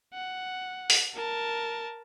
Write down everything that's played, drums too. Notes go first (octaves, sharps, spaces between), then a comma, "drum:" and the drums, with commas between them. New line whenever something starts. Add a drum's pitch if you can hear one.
F#5
drum: open hi-hat
A#4 A5